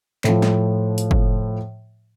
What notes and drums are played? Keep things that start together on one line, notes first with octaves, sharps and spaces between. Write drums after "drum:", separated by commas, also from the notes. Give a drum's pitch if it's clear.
A2 F3, drum: clap
drum: snare
drum: hi-hat
drum: kick